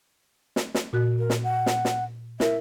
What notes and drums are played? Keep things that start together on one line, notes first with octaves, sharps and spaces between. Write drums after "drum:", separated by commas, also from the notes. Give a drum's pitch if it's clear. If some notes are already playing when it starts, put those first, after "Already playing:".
drum: snare
drum: snare
A#2 F#4 F#6
A#4
drum: snare
F#5
drum: snare
drum: snare
E4 A#4 E5, drum: snare